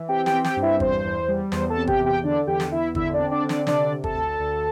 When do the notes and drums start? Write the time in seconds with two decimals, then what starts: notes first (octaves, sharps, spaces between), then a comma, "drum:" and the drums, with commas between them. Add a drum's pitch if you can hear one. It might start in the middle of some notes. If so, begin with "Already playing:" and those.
Already playing: E3
0.08 C4 G4 G5
0.26 G4 G5, drum: snare
0.33 C4
0.44 G4 G5, drum: snare
0.57 G2
0.62 E4 E5
0.80 E2 C5, drum: kick
1.04 E2
1.28 G3
1.52 E2 C5, drum: snare
1.70 A4 A5
1.76 C3
1.87 G4 G5, drum: kick
2.00 E2
2.06 G4 G5
2.23 D3 D4 D5
2.47 E2 G4 G5
2.60 drum: snare
2.72 E2 E4 E5
2.95 D3 E4 E5, drum: kick
3.13 D4 D5
3.19 C4
3.31 D4 D5
3.44 D3
3.49 D4 D5, drum: snare
3.67 C3 D4 D5, drum: snare
3.91 C3
4.04 A4 A5, drum: kick
4.15 D2
4.39 D2